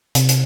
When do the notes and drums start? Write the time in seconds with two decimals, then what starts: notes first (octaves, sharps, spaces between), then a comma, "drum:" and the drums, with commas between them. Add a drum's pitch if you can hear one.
0.15 C3, drum: hi-hat
0.29 drum: hi-hat